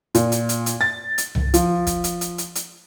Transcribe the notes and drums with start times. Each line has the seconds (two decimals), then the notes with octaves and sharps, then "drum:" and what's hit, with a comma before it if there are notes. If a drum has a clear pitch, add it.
0.15 A#2, drum: hi-hat
0.32 drum: hi-hat
0.49 drum: hi-hat
0.66 drum: hi-hat
0.81 A6
1.18 drum: hi-hat
1.35 drum: tom C2
1.54 F3, drum: hi-hat
1.87 drum: kick, hi-hat
2.04 drum: hi-hat
2.21 drum: hi-hat
2.38 drum: hi-hat
2.55 drum: hi-hat